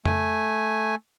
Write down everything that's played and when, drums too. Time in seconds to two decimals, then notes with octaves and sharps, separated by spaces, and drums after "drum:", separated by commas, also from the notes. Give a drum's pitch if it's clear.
0.05 A3 G#5, drum: tom F2